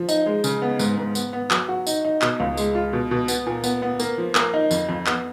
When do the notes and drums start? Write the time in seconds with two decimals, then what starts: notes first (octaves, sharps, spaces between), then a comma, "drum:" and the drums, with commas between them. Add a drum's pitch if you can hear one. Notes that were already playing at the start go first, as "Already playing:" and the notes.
Already playing: F3
0.09 D#4, drum: tambourine
0.26 G#3
0.44 C#3, drum: tambourine
0.62 B3
0.79 G#2, drum: tambourine
0.97 G#2
1.15 B3, drum: tambourine
1.33 B3
1.51 F#3, drum: clap
1.69 F#4
1.87 D#4, drum: tambourine
2.05 D#4
2.22 B2, drum: clap
2.40 C#2
2.57 G#3, drum: tambourine
2.75 F4
2.93 B2
3.11 B2
3.28 B3, drum: tambourine
3.46 A#2
3.64 B3, drum: tambourine
3.82 B3
4.00 A#3, drum: tambourine
4.18 F3
4.35 A#3, drum: clap
4.54 D#4
4.71 F2, drum: tambourine
4.89 F2
5.07 B3, drum: clap